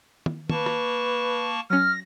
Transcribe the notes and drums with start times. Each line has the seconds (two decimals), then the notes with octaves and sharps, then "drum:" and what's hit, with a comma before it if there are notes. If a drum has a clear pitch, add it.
0.26 drum: tom
0.50 A#3 B4 A5 C#6, drum: tom
0.66 drum: rim click
1.70 F#3 C#4 F6 A#6